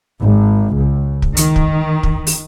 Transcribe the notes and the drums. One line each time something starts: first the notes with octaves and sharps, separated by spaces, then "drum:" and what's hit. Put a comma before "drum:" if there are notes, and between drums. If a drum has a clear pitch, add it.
G#1
C#2
drum: kick
D#3, drum: hi-hat
drum: kick
drum: kick
drum: open hi-hat